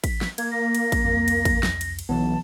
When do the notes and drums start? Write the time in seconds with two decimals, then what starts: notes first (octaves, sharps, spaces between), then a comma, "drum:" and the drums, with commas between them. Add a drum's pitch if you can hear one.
0.04 B6, drum: kick A1, cymbal
0.21 drum: snare
0.38 A#3 G#6, drum: cymbal
0.51 A#6
0.75 drum: cymbal
0.92 drum: kick A1, cymbal
1.04 C2 F2
1.28 drum: cymbal
1.45 drum: kick A1, cymbal
1.63 drum: snare
1.81 drum: cymbal
1.99 drum: cymbal
2.09 B1 E3 F#3 B3 A5